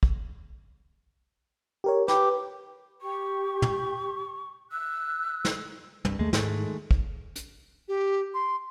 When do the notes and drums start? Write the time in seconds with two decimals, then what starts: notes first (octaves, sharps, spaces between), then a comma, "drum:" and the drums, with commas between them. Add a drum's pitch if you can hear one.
0.03 drum: kick
1.84 G4 A#4 C#5
2.08 G4 B4, drum: snare
3.02 G4 C#6
3.62 drum: tom
4.72 E6 F#6
5.45 drum: snare
6.05 C2 G2, drum: tom
6.19 D#2 G#3 A3
6.33 G#2 D#3 G#3 A3, drum: snare
6.91 drum: kick
7.36 drum: hi-hat
7.88 G4
8.34 C6